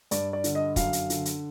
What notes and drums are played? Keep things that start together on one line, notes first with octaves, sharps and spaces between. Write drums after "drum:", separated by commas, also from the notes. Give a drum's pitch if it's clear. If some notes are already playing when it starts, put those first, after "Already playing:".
G2 D5, drum: hi-hat
D5
D3, drum: hi-hat
D#5
F#2 F5, drum: kick, hi-hat
drum: hi-hat
D3, drum: hi-hat
drum: hi-hat